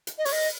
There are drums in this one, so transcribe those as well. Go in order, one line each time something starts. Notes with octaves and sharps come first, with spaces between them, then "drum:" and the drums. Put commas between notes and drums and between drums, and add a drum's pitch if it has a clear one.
drum: hi-hat
D#5
C#5, drum: open hi-hat
D#5